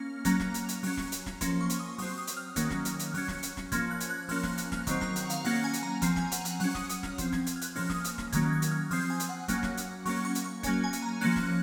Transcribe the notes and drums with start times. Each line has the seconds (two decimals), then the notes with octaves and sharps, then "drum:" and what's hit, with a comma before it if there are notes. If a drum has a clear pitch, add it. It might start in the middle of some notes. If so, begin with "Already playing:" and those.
Already playing: A#3 C#4 F6
0.25 F#3 A#3 C#4 A#5, drum: kick, hi-hat
0.40 drum: snare
0.54 drum: hi-hat
0.69 drum: hi-hat
0.83 F#3 C#4, drum: open hi-hat
0.97 drum: snare
1.12 drum: hi-hat
1.26 drum: snare
1.41 F3 A#3 C#4 C6, drum: kick, hi-hat
1.61 C#6
1.70 drum: hi-hat
1.79 D#6
1.98 F#3 C4 D#6, drum: open hi-hat
2.18 D#6
2.27 drum: hi-hat
2.37 F6
2.56 D#3 F#3 A#3 C#4, drum: kick, hi-hat
2.71 drum: snare
2.85 drum: hi-hat
2.99 drum: hi-hat
3.14 F#3 C#4, drum: open hi-hat
3.28 drum: snare
3.43 drum: hi-hat
3.57 drum: snare
3.72 F3 A#3 C#4 G#6, drum: kick, hi-hat
3.91 F#6
4.00 drum: hi-hat
4.09 F#6
4.29 F3 A#3 C#4 F6, drum: open hi-hat
4.43 F#6, drum: snare
4.58 F#6, drum: hi-hat
4.72 F6, drum: snare
4.87 D#3 F#3 C4 C#6, drum: kick, hi-hat
5.01 A#5, drum: snare
5.16 F#5, drum: hi-hat
5.30 F5, drum: hi-hat
5.44 F#3 A#3 C#4 F#5, drum: open hi-hat
5.64 G#5
5.73 drum: hi-hat
5.83 A#5
6.02 F3 C4 A#5, drum: kick, hi-hat
6.16 G#5, drum: snare
6.32 F#5, drum: hi-hat
6.45 F#5, drum: hi-hat
6.60 F#3 C#4 F#5, drum: open hi-hat
6.75 D#6, drum: snare
6.89 D#6, drum: hi-hat
7.03 F6, drum: snare
7.18 F3 C4, drum: kick, hi-hat
7.32 G#6, drum: snare
7.47 drum: hi-hat
7.56 F6
7.61 F#6, drum: hi-hat
7.76 F3 A#3 C#4 F6, drum: open hi-hat
7.90 D#6, drum: snare
8.04 D#6, drum: hi-hat
8.18 F6, drum: snare
8.32 D#3 F#3 A#3 C#4 G#6, drum: kick, hi-hat
8.53 G#6
8.62 drum: hi-hat
8.71 F6
8.91 F3 C4 D#6, drum: open hi-hat
9.10 G#5
9.20 drum: hi-hat
9.29 F#5
9.48 F#3 A#3 C#4, drum: kick, hi-hat
9.63 drum: snare
9.77 drum: hi-hat
10.06 F#3 A#3 C#4 C#6, drum: open hi-hat
10.25 C#6
10.35 drum: hi-hat
10.44 C#6
10.63 F#3 A#3 C#4 G#5, drum: kick, hi-hat
10.84 G#5
10.93 drum: hi-hat
11.02 A#5
11.21 F3 A#3 C#4 F#6, drum: open hi-hat
11.36 drum: snare